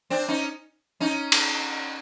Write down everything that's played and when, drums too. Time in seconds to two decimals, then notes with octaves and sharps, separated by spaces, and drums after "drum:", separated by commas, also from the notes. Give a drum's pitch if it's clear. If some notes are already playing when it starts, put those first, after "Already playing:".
0.10 C4 D4
0.28 C#4 D#4
1.00 C#4 D#4
1.32 drum: cymbal